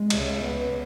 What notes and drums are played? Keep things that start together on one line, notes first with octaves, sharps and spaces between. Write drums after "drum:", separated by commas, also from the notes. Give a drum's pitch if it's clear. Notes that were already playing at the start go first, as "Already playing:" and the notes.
Already playing: G#3
C#2 C#3, drum: cymbal
B3